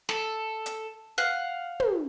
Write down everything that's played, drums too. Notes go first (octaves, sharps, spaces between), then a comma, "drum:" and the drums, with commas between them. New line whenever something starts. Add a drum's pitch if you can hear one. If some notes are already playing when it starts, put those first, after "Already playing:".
A4, drum: snare
drum: hi-hat
F5 F#5
drum: tom